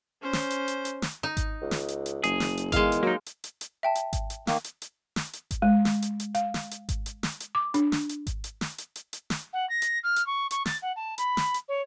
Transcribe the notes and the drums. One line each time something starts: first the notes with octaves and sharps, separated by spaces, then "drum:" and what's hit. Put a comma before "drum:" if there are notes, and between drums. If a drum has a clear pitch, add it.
C#4 C5
drum: snare
drum: hi-hat
drum: hi-hat
drum: hi-hat
drum: snare
D#4
drum: kick G#1, hi-hat
C#2
drum: snare
drum: hi-hat
drum: hi-hat
F#1 G#4, drum: hi-hat
drum: snare
drum: hi-hat
E2 D#3 G#3 F5, drum: kick G#1, hi-hat
drum: hi-hat
F#3 A#3 D#4
drum: hi-hat
drum: hi-hat
drum: hi-hat
E5 G5 A5
drum: hi-hat
drum: kick G#1, hi-hat
drum: hi-hat
D#3 A#3, drum: snare
drum: hi-hat
drum: hi-hat
drum: snare
drum: hi-hat
drum: kick G#1, hi-hat
G#3
drum: snare
drum: hi-hat
drum: hi-hat
F5, drum: hi-hat
drum: snare
drum: hi-hat
drum: kick G#1, hi-hat
drum: hi-hat
drum: snare
drum: hi-hat
D6
D4, drum: hi-hat
drum: snare
drum: hi-hat
drum: kick G#1, hi-hat
drum: hi-hat
drum: snare
drum: hi-hat
drum: hi-hat
drum: hi-hat
drum: snare
F#5
A#6
drum: hi-hat
F6
drum: hi-hat
C#6
C#6, drum: hi-hat
A6, drum: snare
F#5
A5
B5, drum: hi-hat
drum: snare
drum: hi-hat
C#5